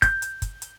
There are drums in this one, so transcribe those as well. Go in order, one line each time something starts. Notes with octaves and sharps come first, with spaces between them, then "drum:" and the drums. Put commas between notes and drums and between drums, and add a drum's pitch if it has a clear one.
G6, drum: kick, hi-hat
drum: hi-hat
drum: kick, hi-hat
drum: hi-hat